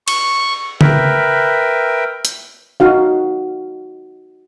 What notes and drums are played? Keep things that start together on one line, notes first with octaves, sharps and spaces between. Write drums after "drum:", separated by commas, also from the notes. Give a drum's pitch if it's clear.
C#6, drum: cymbal
A#4 B4 E5 G5, drum: tom C#3
drum: hi-hat
D#4 F#4 F5